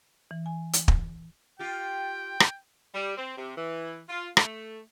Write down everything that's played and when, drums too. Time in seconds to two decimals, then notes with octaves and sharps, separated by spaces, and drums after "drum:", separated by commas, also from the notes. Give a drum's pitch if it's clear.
0.31 E3
0.46 G#5
0.73 drum: hi-hat
0.88 drum: kick
1.59 F4 G4 G5
2.40 drum: rim click
2.94 G3
3.17 C4
3.36 C3
3.56 E3
4.09 F4
4.37 A3, drum: rim click